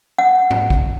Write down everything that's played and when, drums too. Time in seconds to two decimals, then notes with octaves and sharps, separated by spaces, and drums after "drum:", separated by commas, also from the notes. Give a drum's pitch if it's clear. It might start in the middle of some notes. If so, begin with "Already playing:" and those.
0.19 F#5
0.50 drum: tom G#2
0.70 drum: kick